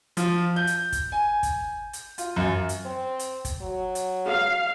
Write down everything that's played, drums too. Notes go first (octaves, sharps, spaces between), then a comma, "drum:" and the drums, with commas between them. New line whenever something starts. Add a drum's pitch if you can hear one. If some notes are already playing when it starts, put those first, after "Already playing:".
F3, drum: hi-hat
G6
drum: hi-hat
drum: kick, hi-hat
G#5
drum: kick, hi-hat
drum: hi-hat
F4, drum: hi-hat
F#2
drum: hi-hat
C4
drum: hi-hat
drum: kick, hi-hat
F#3
drum: hi-hat
F5